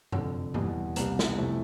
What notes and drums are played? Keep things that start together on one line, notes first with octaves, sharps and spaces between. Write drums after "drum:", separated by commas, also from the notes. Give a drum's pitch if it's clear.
F1 F2 D3, drum: tom F#2
E2 B2 G3, drum: tom G2
C2 B2 G3, drum: hi-hat
drum: snare
F2 C3 E3 A3 A4